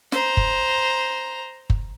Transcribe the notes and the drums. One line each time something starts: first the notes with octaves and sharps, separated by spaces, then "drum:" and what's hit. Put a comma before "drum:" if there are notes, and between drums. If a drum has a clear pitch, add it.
C5 A#5, drum: snare
drum: kick F#1
drum: kick F#1